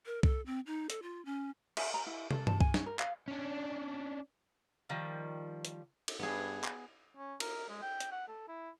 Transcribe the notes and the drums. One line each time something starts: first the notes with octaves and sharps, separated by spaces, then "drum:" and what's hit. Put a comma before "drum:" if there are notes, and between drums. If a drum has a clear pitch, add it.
A#4
A4, drum: kick C2
C4
D#4
A4, drum: hi-hat
F4
C#4
E5, drum: cymbal
A#5
E4
A4, drum: tom
A5, drum: tom G2
G#5, drum: kick C2
C#4, drum: snare
A#4
F5, drum: clap
C#4 D4
D#3 F3 G3
drum: hi-hat
drum: cymbal
G2 B3 G#4
drum: clap
C#4
A#4, drum: cymbal
G#3
G5
drum: hi-hat
F#5
A4
E4